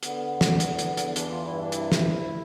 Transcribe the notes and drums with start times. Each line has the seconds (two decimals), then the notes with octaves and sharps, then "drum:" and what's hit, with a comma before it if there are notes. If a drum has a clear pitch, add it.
0.03 D3 B3, drum: hi-hat
0.31 E2
0.41 drum: snare
0.60 D3, drum: hi-hat
0.79 drum: hi-hat
0.88 E2
0.97 drum: hi-hat
1.16 E3 D4, drum: hi-hat
1.30 F4
1.45 G2 E4
1.59 D4
1.72 C3 E4, drum: hi-hat
1.92 drum: snare
2.02 D2